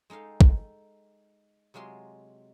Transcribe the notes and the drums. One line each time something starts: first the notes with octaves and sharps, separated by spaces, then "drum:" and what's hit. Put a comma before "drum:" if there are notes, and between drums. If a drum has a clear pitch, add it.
G#3 D#4 A4 F5 G5
drum: kick
C3 F#3 G#3 F4 C6